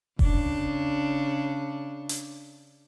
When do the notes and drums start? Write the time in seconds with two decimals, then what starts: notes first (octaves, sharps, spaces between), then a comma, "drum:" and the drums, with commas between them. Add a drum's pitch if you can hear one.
0.19 C#3 D4, drum: kick F1
2.09 drum: hi-hat